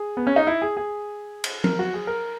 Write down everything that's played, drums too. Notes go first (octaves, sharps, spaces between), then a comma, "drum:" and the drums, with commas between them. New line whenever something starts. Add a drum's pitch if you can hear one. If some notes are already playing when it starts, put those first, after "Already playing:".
Already playing: G#4
B3
C#4
D#4
E4
G#4
G#4
drum: cymbal
A#4, drum: tom F3
F#4
G#4
A#4